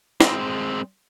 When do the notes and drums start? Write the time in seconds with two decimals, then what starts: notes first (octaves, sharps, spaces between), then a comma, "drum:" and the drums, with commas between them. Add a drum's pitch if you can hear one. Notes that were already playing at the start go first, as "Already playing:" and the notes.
0.21 G#3 C4, drum: snare